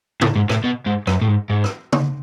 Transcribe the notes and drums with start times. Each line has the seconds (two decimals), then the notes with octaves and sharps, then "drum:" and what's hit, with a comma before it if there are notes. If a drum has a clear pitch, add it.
0.21 A2, drum: tom C3
0.36 G#2
0.49 A2, drum: rim click
0.64 B2
0.86 G#2
1.07 F#2, drum: rim click
1.21 A2
1.28 G#2
1.50 G#2
1.64 drum: rim click
1.92 drum: tom C#3